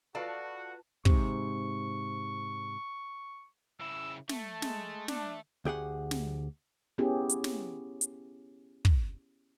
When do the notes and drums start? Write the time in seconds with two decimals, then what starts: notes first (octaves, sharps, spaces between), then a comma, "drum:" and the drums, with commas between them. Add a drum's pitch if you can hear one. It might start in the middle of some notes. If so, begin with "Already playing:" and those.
0.15 F4 F#4 A4 B4 D5 F5 A5
1.05 G#2 C3 C#6, drum: kick
3.81 C#3 E4 E6
4.29 A3 A5, drum: snare
4.62 G#3, drum: snare
5.08 D4, drum: snare
5.65 D2 G4 G#4 F#5
6.11 drum: snare
6.98 B3 C#4 E4 G4 G#4
7.29 drum: hi-hat
7.44 drum: snare
8.01 drum: hi-hat
8.85 drum: kick